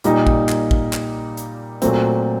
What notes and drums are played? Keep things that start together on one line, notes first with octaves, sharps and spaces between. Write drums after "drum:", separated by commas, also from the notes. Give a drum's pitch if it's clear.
A#2 G3 A#3 D#4, drum: hi-hat
drum: kick A1
drum: clap
drum: kick A1
drum: clap
drum: hi-hat
A#2 F#3 A3 C4, drum: hi-hat